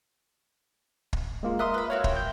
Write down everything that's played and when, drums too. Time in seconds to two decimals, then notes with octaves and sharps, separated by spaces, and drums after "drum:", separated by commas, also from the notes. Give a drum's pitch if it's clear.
1.13 drum: kick
1.43 G#3 A#3 F4
1.59 A#4 E5 C6 D#6 F#6
1.74 B4 B5
1.90 E4 F#4 C#5 F5
2.04 C5 G5, drum: kick
2.17 G6